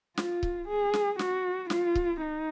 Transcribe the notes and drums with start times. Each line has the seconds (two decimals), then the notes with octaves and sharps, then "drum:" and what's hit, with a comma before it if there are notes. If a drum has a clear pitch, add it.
0.17 F4, drum: snare
0.43 drum: kick C#1
0.68 G#4
0.94 drum: snare
1.19 F#4, drum: snare
1.70 F4, drum: snare
1.95 drum: kick C#1
2.21 D#4